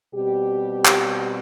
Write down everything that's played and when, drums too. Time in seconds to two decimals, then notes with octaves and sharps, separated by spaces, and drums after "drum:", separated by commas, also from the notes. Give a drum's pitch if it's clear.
0.13 B2 G3 C4 G4
0.85 drum: clap